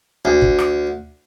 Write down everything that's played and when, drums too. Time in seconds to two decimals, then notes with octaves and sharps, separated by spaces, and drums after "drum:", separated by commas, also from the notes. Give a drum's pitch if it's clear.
0.25 D2
0.42 drum: kick
0.59 drum: rim click